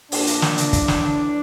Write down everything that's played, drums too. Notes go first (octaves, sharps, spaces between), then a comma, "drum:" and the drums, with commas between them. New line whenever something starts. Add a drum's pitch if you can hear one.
A#2 D4, drum: open hi-hat
drum: hi-hat
drum: snare
drum: hi-hat
A2 E3, drum: kick, hi-hat
drum: snare